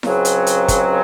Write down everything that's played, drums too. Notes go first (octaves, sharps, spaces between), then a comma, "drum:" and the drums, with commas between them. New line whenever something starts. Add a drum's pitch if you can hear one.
C#2 C#3 F#3 C4, drum: snare E4
drum: hi-hat
drum: hi-hat
drum: kick, hi-hat